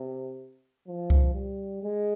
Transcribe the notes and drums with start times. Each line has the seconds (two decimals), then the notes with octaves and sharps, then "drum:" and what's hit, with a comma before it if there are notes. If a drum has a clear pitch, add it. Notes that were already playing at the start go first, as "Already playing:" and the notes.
Already playing: C3
0.87 F3
1.10 drum: kick C2
1.34 G3
1.83 G#3